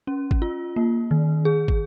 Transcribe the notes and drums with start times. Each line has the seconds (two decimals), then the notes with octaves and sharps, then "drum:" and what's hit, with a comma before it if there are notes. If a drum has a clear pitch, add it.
0.07 C#4
0.31 drum: kick
0.42 F4
0.76 A#3
1.11 D#3
1.45 G#4
1.68 drum: kick